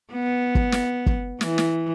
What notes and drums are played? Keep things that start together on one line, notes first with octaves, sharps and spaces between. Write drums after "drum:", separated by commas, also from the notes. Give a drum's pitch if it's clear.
B3
drum: kick
drum: snare
drum: kick
E3, drum: snare
drum: snare